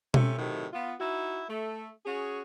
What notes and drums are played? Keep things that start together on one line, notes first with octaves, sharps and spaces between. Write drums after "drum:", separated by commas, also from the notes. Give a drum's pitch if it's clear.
C3 A3 C#4 A4, drum: tom B2
A2 C3 D#3 F#3
B3 F4
D#4 E4 F#4
A3
C#4 F#4 G#4